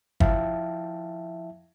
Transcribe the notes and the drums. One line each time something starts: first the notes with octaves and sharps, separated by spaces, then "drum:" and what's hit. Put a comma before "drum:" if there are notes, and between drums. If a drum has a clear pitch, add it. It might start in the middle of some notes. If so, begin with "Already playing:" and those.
F3 E4 E5 F5 G5 A5, drum: kick G1